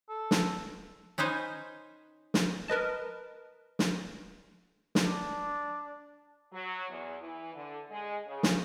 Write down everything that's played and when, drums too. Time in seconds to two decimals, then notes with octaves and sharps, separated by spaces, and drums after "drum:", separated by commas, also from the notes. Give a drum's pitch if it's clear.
0.09 A4
0.31 drum: snare
1.18 C#4 D#4 B4 C5 G#5
2.34 drum: snare
2.68 A#4 B4 D#5 A5
3.79 drum: snare
4.95 drum: snare
5.04 D4
6.52 F#3
6.89 E2
7.20 E3
7.54 D3
7.90 G#3
8.26 C#3
8.43 drum: snare